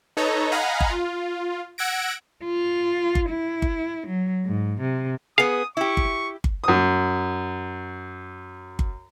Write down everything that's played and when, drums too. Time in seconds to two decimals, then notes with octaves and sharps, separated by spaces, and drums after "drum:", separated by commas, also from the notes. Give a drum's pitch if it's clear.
0.17 D#4 A4 B4 C#5 D#5 A#5
0.52 D#5 F5 F#5 G#5 A#5 B5
0.80 drum: kick G1
0.90 F4
1.78 F#5 E6 F#6 G#6 A#6 D7
2.45 F4
3.15 drum: kick G1
3.30 E4
3.62 drum: kick G1
4.07 F#3
4.46 G#2
4.81 C3
5.38 B3 G#4 F5 D#6
5.77 E4 G4 C#6
5.97 drum: kick G1
6.44 drum: kick G1
6.64 F#2 D#6
8.79 drum: kick G1